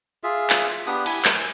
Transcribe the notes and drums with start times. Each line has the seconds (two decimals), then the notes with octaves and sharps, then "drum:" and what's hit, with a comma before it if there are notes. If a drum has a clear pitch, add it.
0.23 F4 G#4 E5
0.50 drum: clap
0.87 B3 D4 G4 D#6
1.06 E4 G#5 B5, drum: cymbal
1.25 G#5, drum: clap